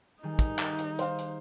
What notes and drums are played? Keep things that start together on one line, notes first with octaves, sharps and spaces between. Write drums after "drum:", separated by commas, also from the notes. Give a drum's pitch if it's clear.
D#3 G3 D#4 G#4
drum: kick, hi-hat
drum: clap
drum: hi-hat
C5 F5, drum: hi-hat
drum: hi-hat